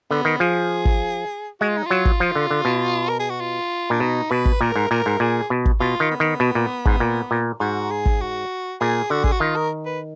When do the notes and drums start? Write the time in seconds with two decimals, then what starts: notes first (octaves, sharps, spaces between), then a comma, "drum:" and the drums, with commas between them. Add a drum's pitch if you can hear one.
0.11 D3 B3
0.25 D#3
0.40 F3 G#4
0.85 drum: kick
1.60 G#3 F#4
1.68 F4
1.77 D#4
1.86 F#3 F4
2.05 drum: kick
2.20 F3
2.35 D3
2.51 D3
2.65 B2
3.09 A#4
3.19 G#4
3.30 F#4
3.41 F4
3.90 A#2 D4
4.00 B2 D#4
4.30 B2 B4
4.45 drum: kick
4.61 A#2 A#4
4.76 G#2
4.91 A#2 A#4
5.06 G#2
5.20 A#2 G#4
5.50 B2
5.66 drum: kick
5.80 B2 F4
6.00 D#3
6.11 B3
6.20 D#3
6.40 B2
6.55 A#2
6.85 G#2, drum: kick
7.00 A#2
7.31 A#2
7.60 G#2 F#4
7.91 G#4
8.06 drum: kick
8.21 F#4
8.80 A#2 G#4
9.10 D3 F#4
9.24 G#4, drum: kick
9.32 F#4
9.40 D#3 F4
9.56 A#4
9.86 B4